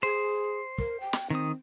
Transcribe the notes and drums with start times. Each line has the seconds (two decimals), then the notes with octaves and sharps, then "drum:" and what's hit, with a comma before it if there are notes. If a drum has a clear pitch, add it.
0.03 G#4 C5
0.78 A#4, drum: kick
1.00 G5
1.13 drum: snare
1.30 D#3 C4 D#6